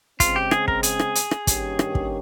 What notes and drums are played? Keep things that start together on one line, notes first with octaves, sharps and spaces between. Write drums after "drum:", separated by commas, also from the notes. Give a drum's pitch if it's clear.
C#3 G#3 C4 F4, drum: kick, hi-hat
G4
G#4, drum: rim click
A#4, drum: kick
G#4, drum: hi-hat
drum: rim click
drum: hi-hat
drum: rim click
G2 D#3 A#3 C#4 G4, drum: kick, hi-hat
drum: rim click
drum: kick